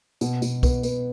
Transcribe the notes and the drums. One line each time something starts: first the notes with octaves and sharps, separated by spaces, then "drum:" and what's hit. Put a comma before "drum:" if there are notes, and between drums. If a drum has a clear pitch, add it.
B2, drum: tambourine
B2, drum: tambourine
B3, drum: kick C2, tambourine
B3, drum: tambourine